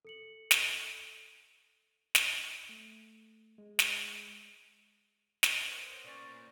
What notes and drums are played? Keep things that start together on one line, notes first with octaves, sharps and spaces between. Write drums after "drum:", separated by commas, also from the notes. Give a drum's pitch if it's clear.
A4 C#7 F#7
drum: snare
drum: snare
A3
G#3
drum: snare
drum: snare
B3 A#4 C5 C#5
A#2 C#4 D5